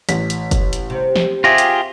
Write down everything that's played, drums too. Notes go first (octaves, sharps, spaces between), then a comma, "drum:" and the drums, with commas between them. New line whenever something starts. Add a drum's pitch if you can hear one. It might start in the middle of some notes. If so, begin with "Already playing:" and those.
A1 B6, drum: hi-hat
drum: hi-hat
drum: kick F#1, hi-hat
drum: hi-hat
C3
drum: snare
F4 G4 G#4 E5 A#6 B6
drum: hi-hat